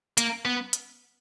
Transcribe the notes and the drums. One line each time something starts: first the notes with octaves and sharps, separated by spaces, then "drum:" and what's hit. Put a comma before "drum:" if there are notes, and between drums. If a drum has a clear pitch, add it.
A#3, drum: hi-hat
B3
drum: hi-hat